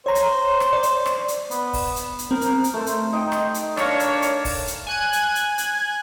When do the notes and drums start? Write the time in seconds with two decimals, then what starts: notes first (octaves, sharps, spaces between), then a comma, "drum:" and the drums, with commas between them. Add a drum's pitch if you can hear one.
0.06 C5 C#5 A#5
0.15 drum: hi-hat
0.60 drum: rim click
0.73 D5
0.83 drum: hi-hat
1.06 drum: rim click
1.28 drum: hi-hat
1.51 B3, drum: hi-hat
1.73 drum: kick, open hi-hat
1.96 drum: hi-hat
2.19 drum: hi-hat
2.31 C4 A#4
2.41 drum: hi-hat
2.64 drum: hi-hat
2.74 A3 C5
2.86 drum: hi-hat
3.13 D#4 G5
3.32 drum: rim click
3.54 drum: hi-hat
3.77 D4 A#4 C#5 D5 F5, drum: rim click
4.00 drum: hi-hat
4.22 drum: hi-hat
4.45 drum: kick, open hi-hat
4.67 drum: hi-hat
4.86 G#5 F#6 G#6
5.13 drum: hi-hat
5.35 drum: hi-hat
5.58 drum: hi-hat